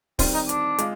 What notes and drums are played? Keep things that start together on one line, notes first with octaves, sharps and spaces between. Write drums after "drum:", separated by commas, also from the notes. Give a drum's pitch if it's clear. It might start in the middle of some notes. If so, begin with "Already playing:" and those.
D#3 G3 C4 F4, drum: kick D1, open hi-hat
D#4
D4, drum: hi-hat
G#3 F4, drum: hi-hat